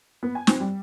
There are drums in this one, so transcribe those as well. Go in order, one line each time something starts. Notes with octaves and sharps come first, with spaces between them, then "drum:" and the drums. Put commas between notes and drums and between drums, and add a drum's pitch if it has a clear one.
B3
G#5
C4, drum: snare
G3